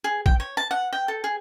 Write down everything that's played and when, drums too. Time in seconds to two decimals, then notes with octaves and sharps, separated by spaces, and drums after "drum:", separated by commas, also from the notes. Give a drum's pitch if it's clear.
0.04 G#4
0.26 G5, drum: kick
0.40 C#5
0.57 A5
0.71 F#5
0.93 G5
1.08 A4
1.24 G#4